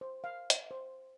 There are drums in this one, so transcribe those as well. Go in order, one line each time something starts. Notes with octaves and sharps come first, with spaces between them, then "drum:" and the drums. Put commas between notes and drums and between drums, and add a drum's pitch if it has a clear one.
C5
F5
drum: hi-hat
C5